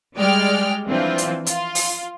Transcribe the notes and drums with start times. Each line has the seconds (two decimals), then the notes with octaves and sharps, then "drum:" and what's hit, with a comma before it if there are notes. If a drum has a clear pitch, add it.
0.17 G3 G#3 D5 G5 F6
0.87 E3 F3 C4 D4 F4
1.18 drum: hi-hat
1.46 F4, drum: hi-hat
1.75 drum: open hi-hat